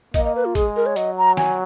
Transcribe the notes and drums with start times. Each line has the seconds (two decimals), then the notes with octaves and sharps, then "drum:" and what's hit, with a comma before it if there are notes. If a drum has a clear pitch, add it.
0.14 A#3 D#5, drum: kick, hi-hat
0.25 D#5
0.35 B4
0.45 F4
0.55 G#3 G#4, drum: kick, hi-hat
0.76 A#4
0.86 C#5
0.96 F#3 D#5, drum: hi-hat
1.18 A#5
1.37 G#5, drum: snare